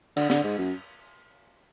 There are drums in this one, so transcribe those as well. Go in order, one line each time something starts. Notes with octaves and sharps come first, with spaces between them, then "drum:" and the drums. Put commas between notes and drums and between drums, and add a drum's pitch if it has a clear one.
D3, drum: cymbal
D3, drum: snare
G#2
F#2